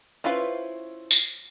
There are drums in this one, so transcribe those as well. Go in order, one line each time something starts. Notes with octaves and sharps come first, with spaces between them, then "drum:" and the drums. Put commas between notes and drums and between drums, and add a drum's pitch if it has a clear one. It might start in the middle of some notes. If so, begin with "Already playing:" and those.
C#4 E4 F4 B4 C5
drum: tambourine